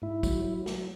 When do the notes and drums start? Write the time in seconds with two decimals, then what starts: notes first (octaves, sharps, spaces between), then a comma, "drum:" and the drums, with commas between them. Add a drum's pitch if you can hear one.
0.02 G#2 E4
0.23 F#3, drum: kick, tambourine
0.45 F#3
0.66 F#3, drum: snare